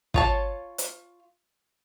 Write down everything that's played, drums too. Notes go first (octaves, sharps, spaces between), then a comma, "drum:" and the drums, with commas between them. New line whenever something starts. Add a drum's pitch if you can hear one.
F4 C#5 A5, drum: kick
drum: hi-hat